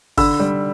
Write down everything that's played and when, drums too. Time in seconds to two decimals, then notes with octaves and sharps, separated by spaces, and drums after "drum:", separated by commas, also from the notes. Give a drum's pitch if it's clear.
0.17 D3 B5 E6, drum: kick G1, open hi-hat
0.40 G3